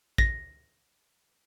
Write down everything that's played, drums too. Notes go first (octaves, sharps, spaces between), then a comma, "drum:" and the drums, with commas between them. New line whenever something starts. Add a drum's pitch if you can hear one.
A#6, drum: kick